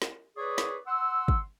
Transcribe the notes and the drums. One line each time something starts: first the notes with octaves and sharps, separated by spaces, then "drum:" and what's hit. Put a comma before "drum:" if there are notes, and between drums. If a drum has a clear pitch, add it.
drum: snare
G#4 B4 C#5 D5 D#6
drum: snare
F#5 C6 E6
drum: kick